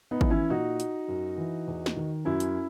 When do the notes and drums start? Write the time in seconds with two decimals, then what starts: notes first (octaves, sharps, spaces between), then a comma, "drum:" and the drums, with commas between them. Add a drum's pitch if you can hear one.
0.11 B3 D#4
0.21 E3, drum: kick G#1
0.30 C#4 E4
0.50 A#2 D#4 F#4
0.80 drum: hi-hat
1.08 F#2
1.38 E3
1.68 E2
1.86 drum: snare
1.96 D#3
2.25 F#2 C#4 E4
2.40 drum: hi-hat